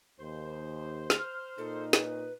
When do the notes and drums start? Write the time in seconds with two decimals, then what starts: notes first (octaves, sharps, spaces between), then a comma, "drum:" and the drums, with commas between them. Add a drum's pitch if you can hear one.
0.20 D#2 C5
1.10 F6, drum: snare
1.58 A#2 D#4 A4
1.93 C4 C#4 B4, drum: snare